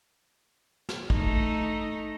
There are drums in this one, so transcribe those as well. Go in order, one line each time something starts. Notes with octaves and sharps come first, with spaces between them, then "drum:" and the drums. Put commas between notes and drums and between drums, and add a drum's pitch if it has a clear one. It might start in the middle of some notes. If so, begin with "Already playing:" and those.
drum: snare
A3 D#4, drum: kick